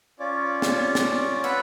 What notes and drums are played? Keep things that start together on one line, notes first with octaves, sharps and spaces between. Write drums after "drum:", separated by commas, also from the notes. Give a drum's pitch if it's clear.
C#4 F4 C#5 D5
drum: snare
drum: snare
B4 F#5 B5 E6, drum: cymbal